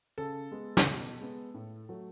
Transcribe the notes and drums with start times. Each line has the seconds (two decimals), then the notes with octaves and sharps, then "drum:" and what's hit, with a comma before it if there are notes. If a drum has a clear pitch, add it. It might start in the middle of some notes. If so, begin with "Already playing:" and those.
0.18 C#3 A4
0.52 G#3 B3
0.77 drum: snare
0.86 B2
1.21 G#3 B3
1.54 A2
1.89 F#3 A3